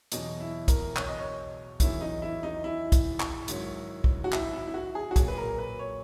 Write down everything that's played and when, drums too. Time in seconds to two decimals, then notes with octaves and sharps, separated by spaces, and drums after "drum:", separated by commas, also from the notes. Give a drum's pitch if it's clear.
0.12 E2 B2 F#3 D#4, drum: hi-hat
0.40 E4
0.68 A#4, drum: kick, hi-hat
0.96 C#5, drum: clap
1.08 D#5
1.19 C#5
1.80 E2 D#3 F#3 E4, drum: kick, hi-hat
2.01 D#4
2.22 E4
2.43 D#4
2.64 E4
2.92 drum: kick, hi-hat
3.20 drum: clap
3.48 G#2 D#3 F#3, drum: hi-hat
4.04 drum: kick
4.24 F#4
4.32 E4, drum: clap
4.53 E4
4.67 E4
4.74 F#4
4.95 G#4
5.11 F#4
5.16 A#2 F#3 G#4, drum: kick, hi-hat
5.28 B4
5.37 A#4
5.58 B4
5.79 C#5